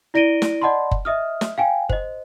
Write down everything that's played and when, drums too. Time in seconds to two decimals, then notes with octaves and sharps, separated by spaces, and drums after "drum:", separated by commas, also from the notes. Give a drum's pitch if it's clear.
0.14 E4 D5 A#6 D7 D#7 G7
0.42 drum: snare
0.62 D5 D#5 F#5 A5 B5 C6
0.91 drum: kick F#1
1.05 D#5 E5 D#6 F6
1.41 drum: snare
1.58 F5 G5 G#5
1.89 C5 D#5, drum: kick F#1